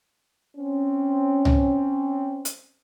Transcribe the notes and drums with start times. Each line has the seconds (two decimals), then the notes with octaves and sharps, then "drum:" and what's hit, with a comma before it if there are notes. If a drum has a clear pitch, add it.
0.56 C4 C#4
1.45 drum: tom C2
2.45 drum: hi-hat